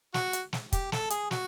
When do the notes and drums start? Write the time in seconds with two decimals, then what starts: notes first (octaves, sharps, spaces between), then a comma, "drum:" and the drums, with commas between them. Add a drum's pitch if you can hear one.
0.14 F#4, drum: snare
0.33 drum: hi-hat
0.53 drum: snare
0.73 G4, drum: kick, hi-hat
0.92 A4, drum: snare
1.10 G#4, drum: hi-hat
1.31 F#4, drum: snare